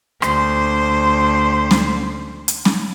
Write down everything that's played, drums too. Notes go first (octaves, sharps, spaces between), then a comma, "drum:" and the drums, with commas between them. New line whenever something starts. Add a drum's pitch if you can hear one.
D2 C5, drum: rim click
drum: snare
drum: hi-hat
drum: snare